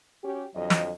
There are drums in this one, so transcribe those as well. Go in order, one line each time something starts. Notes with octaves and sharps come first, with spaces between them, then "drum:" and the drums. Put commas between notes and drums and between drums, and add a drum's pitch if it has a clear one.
C#4 F#4 G4
F2 D3 F#3 D#5
drum: snare